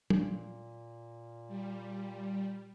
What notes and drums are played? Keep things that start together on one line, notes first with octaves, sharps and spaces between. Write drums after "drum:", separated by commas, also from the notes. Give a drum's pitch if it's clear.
A#2, drum: tom
G3